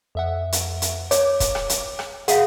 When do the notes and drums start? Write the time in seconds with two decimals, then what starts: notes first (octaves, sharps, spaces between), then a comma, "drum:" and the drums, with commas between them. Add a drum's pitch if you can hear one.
0.15 F2 E5 F#5
0.52 drum: hi-hat
0.82 drum: hi-hat
1.11 C#5 D6, drum: hi-hat
1.40 drum: kick, hi-hat
1.55 drum: rim click
1.69 drum: hi-hat
1.99 drum: rim click
2.28 G#4 F5 F#5 D#6, drum: hi-hat